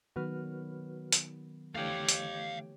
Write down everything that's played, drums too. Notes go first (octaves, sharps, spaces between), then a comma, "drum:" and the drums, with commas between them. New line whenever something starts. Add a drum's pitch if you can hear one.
D#3 F#3 B3 F#4 B4 F6
drum: hi-hat
D3 E3 A3 G4 C#5 F5 G5
drum: hi-hat